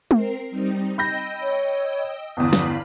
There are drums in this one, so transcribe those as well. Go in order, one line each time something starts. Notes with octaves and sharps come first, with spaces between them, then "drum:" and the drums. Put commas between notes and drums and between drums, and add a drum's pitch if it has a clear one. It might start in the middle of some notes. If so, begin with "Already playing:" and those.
C4 A#4 C7, drum: tom G#3
G3 C4 D#4
D#5 G5 B5 E6 G6 A#6
C#5
G1 E2 F5 B5 D#6
drum: snare